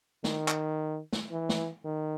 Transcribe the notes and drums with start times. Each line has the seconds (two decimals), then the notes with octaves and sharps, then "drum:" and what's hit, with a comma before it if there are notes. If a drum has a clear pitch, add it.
0.24 D#3, drum: snare
0.48 drum: clap
1.13 drum: snare
1.31 E3
1.49 drum: snare
1.84 D#3